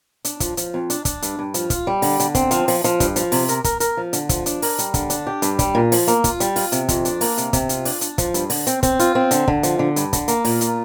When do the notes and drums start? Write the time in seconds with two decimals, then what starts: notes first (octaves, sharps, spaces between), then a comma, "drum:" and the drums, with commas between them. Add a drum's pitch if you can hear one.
0.25 D4, drum: hi-hat
0.40 F3, drum: kick, hi-hat
0.57 F3, drum: hi-hat
0.74 F2
0.90 D4, drum: hi-hat
1.05 D4, drum: kick, hi-hat
1.22 G2, drum: hi-hat
1.39 G2
1.54 F3, drum: hi-hat
1.70 F4, drum: kick, hi-hat
1.87 G3
2.02 D3, drum: open hi-hat
2.20 D3, drum: hi-hat
2.35 C4, drum: kick, hi-hat
2.51 F3, drum: hi-hat
2.68 F3, drum: open hi-hat
2.84 F3, drum: hi-hat
3.00 G2, drum: kick, hi-hat
3.16 F3, drum: hi-hat
3.32 C3, drum: open hi-hat
3.48 A#4, drum: hi-hat
3.64 A#4, drum: kick, hi-hat
3.80 A#4, drum: hi-hat
3.97 F3
4.13 D3, drum: hi-hat
4.29 F3, drum: kick, hi-hat
4.46 D4, drum: hi-hat
4.62 A#4, drum: open hi-hat
4.79 G3, drum: hi-hat
4.94 D3, drum: kick, hi-hat
5.10 D4, drum: hi-hat
5.26 G4
5.42 G2, drum: hi-hat
5.59 G3, drum: kick, hi-hat
5.75 A#2
5.92 F3, drum: open hi-hat
6.07 A#3, drum: hi-hat
6.24 F4, drum: kick, hi-hat
6.40 G3, drum: hi-hat
6.56 F4, drum: open hi-hat
6.72 C3, drum: hi-hat
6.89 F2, drum: kick, hi-hat
7.05 D4, drum: hi-hat
7.21 A#3, drum: open hi-hat
7.38 C3, drum: hi-hat
7.53 C3, drum: kick, hi-hat
7.69 F4, drum: hi-hat
7.85 D4, drum: open hi-hat
8.01 D4, drum: hi-hat
8.18 F3, drum: kick, hi-hat
8.34 G2, drum: hi-hat
8.50 D3, drum: open hi-hat
8.67 C4, drum: hi-hat
8.83 C4, drum: kick, hi-hat
8.99 F4, drum: hi-hat
9.15 C4
9.31 D3, drum: hi-hat
9.48 D3, drum: kick
9.63 F3, drum: hi-hat
9.79 D3
9.96 G2, drum: hi-hat
10.13 D3, drum: kick, hi-hat
10.28 A#3, drum: hi-hat
10.45 A#2, drum: open hi-hat
10.61 F4, drum: hi-hat